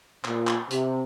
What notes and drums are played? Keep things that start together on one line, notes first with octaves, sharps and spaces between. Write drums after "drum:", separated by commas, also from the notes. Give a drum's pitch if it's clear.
A#2, drum: clap
drum: clap
C3, drum: hi-hat